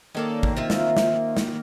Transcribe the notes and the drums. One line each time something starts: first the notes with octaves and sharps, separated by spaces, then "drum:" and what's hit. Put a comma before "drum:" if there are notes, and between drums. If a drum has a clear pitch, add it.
D#3 A#3 C#4 A4 D5
drum: kick
C4 F4 E5
drum: snare
drum: snare
drum: snare